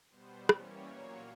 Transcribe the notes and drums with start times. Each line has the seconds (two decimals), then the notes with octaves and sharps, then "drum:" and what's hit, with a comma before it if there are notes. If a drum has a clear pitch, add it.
0.10 B2 G3 B3 C5
0.49 E3 G3 A#3 C#4 C#5, drum: rim click
0.87 A#2 F#3 A#3